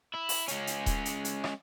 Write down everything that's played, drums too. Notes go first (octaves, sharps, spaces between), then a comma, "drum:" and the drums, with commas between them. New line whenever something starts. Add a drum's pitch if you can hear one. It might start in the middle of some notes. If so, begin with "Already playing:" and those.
E4
drum: open hi-hat
G#3 C#4, drum: hi-hat
drum: hi-hat
drum: kick D#1, hi-hat
drum: hi-hat
drum: hi-hat
drum: rim click